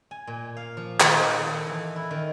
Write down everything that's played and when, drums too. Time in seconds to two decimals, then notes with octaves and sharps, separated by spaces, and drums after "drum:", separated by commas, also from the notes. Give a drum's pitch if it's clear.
0.11 G#5
0.27 A#2
0.57 F5
0.77 F3
1.00 D#3, drum: clap
1.30 D5
1.48 A4
1.67 E3
1.96 E4
2.11 D#3